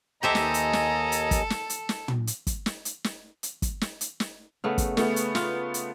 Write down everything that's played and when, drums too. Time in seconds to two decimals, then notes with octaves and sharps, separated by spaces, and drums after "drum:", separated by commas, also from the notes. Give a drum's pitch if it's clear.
0.23 D#2 G4 A4 C5 D#5 E5 G#5 A#5
0.35 drum: snare
0.54 drum: hi-hat
0.73 drum: snare
1.12 drum: hi-hat
1.31 drum: kick, hi-hat
1.50 drum: snare
1.70 drum: hi-hat
1.89 drum: snare
2.08 drum: tom
2.27 drum: hi-hat
2.47 drum: kick, hi-hat
2.66 drum: snare
2.85 drum: hi-hat
3.04 drum: snare
3.43 drum: hi-hat
3.62 drum: kick, hi-hat
3.81 drum: snare
4.01 drum: hi-hat
4.20 drum: snare
4.64 C#3 A3 B3
4.78 drum: kick, hi-hat
4.97 A3 B3 C#4, drum: snare
5.16 drum: hi-hat
5.35 F4, drum: snare
5.74 drum: hi-hat